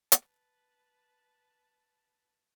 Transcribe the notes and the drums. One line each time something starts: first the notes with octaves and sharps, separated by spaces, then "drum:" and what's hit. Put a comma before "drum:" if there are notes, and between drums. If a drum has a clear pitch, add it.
B4 A5, drum: hi-hat